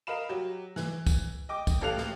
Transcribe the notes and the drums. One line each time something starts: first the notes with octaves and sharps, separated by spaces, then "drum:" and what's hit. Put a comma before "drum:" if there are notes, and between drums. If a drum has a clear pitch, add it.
A#4 D#5 F5 B5 E7
F#3 G4
E3, drum: snare
drum: kick, tambourine
D#5 G5 D6
drum: kick, tambourine
A1 G4 A4 F5 F#6 F7
drum: snare